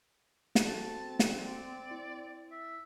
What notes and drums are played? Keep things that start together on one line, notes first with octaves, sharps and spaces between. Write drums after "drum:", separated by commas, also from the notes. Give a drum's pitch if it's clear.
drum: snare
C4 F#4 A4 A5
drum: snare
D5
E4
E5